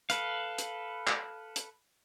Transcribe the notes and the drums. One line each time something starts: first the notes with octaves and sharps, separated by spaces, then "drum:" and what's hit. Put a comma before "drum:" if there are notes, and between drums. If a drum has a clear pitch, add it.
A4 B4 F5, drum: hi-hat
drum: hi-hat
drum: clap
drum: hi-hat